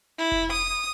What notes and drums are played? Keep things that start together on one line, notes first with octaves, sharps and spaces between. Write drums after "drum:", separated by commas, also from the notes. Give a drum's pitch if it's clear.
E4
drum: kick F1
D#6